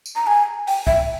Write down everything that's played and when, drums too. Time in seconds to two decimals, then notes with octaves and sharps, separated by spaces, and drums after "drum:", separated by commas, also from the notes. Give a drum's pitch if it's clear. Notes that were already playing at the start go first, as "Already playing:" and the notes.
0.06 drum: tambourine
0.16 A#5
0.27 G#5
0.67 G5, drum: open hi-hat
0.87 E5, drum: kick C2